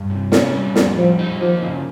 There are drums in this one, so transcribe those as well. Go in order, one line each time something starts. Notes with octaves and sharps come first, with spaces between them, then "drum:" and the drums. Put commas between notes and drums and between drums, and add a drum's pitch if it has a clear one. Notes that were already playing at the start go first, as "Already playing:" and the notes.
Already playing: G2
C3
C#4, drum: snare
G3
F2, drum: snare
F3 G3
D#4
F3 A#3
C#3